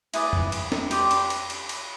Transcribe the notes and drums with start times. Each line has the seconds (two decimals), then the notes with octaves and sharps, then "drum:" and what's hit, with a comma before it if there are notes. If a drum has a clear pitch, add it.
0.14 E4 G#4 B4 D5, drum: cymbal
0.33 drum: tom F2
0.52 drum: cymbal
0.72 drum: snare
0.91 G4 B4 D5 C6, drum: cymbal
1.11 drum: cymbal
1.30 drum: cymbal
1.50 drum: cymbal
1.69 drum: cymbal